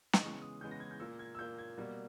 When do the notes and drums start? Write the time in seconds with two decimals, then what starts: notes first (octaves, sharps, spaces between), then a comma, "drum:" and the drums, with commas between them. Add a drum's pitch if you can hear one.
0.13 D#5, drum: snare
0.22 C#3 E3 G#3 B3 C#6
0.42 D#6
0.61 C#3 E3 G#3 B3 G6
0.71 A#6
0.80 G#6
0.91 G6
1.00 A#2 A#3 E6
1.19 G#6
1.35 E6
1.39 A#2 A#3 G6
1.58 G#6
1.78 B2 G3 A#3